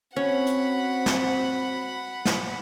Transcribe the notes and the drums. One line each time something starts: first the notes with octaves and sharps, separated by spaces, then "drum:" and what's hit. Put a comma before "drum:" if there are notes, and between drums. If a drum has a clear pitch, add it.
C4 C#4 F#4 F#5 B5
drum: hi-hat
drum: snare
drum: snare